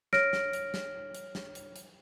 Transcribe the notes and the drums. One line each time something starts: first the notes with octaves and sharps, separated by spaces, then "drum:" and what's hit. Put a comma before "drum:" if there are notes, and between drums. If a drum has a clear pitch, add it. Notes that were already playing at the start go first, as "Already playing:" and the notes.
C#5 F6 A#6 D7, drum: snare
drum: snare
drum: hi-hat
drum: snare
drum: hi-hat
drum: snare
drum: hi-hat
drum: hi-hat